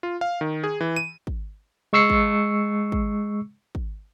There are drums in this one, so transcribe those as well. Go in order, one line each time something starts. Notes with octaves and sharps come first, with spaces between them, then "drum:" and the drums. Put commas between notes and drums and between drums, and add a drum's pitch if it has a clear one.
F4
F5
D#3
G#4
E3
D#7
drum: kick
G#3 C#6 E6 C7 C#7
drum: kick
drum: kick
drum: kick